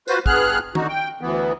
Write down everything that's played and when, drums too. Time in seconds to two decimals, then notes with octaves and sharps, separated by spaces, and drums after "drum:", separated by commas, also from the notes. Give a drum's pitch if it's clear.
0.08 F4 F#4 B4 C5, drum: tambourine
0.26 G2 B3 G#4 F6 F#6, drum: kick
0.75 D3 D#4 F#4, drum: tom
0.89 G5
1.21 D2 E3 B3